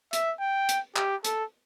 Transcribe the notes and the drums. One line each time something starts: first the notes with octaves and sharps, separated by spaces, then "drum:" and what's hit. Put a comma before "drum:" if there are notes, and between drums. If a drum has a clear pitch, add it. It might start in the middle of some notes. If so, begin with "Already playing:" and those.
E5, drum: hi-hat
G5
drum: hi-hat
G4, drum: clap
A4, drum: hi-hat